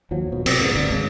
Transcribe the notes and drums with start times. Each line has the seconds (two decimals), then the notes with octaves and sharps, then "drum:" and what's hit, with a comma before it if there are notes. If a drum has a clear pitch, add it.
0.11 D#2 F3 F#3
0.32 B2
0.46 C3 F#3 C4, drum: cymbal
0.59 C2 A2 C#3 B3
0.75 G1 D2 G2 D4
0.90 G#1 C#3 G#3